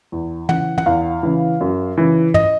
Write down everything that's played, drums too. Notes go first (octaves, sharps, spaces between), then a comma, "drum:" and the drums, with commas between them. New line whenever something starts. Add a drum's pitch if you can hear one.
E2
C#3 E3 F#5, drum: tom
F#5, drum: tom
E2 F5
C#3 E3
F#2
C#3 E3
D#5, drum: tom